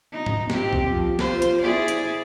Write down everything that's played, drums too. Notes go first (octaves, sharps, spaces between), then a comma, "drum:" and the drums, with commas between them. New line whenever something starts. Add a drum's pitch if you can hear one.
D#4
drum: tom G#2
C4 G4, drum: snare
drum: kick
F3
F4 C5, drum: snare
drum: hi-hat
E4 G#4 D5
drum: hi-hat